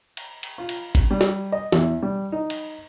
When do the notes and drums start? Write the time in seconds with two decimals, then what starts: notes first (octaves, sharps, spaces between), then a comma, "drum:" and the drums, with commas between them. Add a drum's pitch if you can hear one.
0.17 drum: cymbal
0.43 drum: cymbal
0.58 F4
0.69 drum: cymbal
0.95 drum: kick G#1, cymbal
1.11 G3
1.21 drum: snare
1.52 D#5
1.72 E2, drum: snare
2.03 G3
2.32 D#4
2.50 drum: cymbal